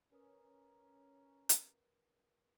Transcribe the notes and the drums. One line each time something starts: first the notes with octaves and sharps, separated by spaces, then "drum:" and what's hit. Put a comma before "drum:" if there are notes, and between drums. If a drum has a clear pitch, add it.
C#4 A#4 B4 A#5 D#6
drum: hi-hat